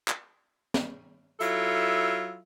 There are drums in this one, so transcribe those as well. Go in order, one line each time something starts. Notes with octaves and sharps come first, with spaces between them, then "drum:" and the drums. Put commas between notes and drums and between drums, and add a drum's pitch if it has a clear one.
drum: clap
drum: snare
F#3 E4 F4 A4 E5, drum: hi-hat